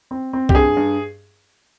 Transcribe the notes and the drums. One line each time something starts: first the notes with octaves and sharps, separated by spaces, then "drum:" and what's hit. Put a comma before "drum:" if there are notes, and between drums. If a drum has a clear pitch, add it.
C4
C4
G4, drum: kick C2
G2 G#4
G2